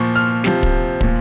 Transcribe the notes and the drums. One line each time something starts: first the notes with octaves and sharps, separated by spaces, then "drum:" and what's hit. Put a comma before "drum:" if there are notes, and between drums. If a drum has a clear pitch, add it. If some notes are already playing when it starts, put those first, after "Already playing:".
Already playing: A#2 F3 C#6
F6
C3 F3, drum: snare
drum: kick
A#2 F3, drum: kick